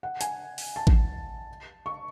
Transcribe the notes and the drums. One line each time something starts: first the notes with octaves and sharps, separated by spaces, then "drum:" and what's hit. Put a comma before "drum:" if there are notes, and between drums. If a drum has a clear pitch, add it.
F#5
G#5, drum: hi-hat
drum: open hi-hat
A5
drum: kick A1
C#6